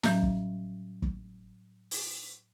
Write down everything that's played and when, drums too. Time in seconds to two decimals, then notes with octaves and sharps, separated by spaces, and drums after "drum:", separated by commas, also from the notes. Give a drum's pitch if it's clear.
0.03 A2 F#3 G3 C#4, drum: snare
0.22 drum: kick
1.02 drum: kick
1.91 drum: open hi-hat